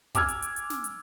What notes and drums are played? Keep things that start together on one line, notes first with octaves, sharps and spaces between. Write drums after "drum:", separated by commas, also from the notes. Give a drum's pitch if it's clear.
G#5 D6 E6 F6 G#6, drum: kick, hi-hat
drum: hi-hat
drum: hi-hat
drum: hi-hat
drum: snare
drum: hi-hat